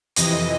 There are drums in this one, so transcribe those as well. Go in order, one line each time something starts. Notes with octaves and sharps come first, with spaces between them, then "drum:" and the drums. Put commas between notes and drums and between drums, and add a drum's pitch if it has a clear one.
F2 C3 E3 D#5, drum: hi-hat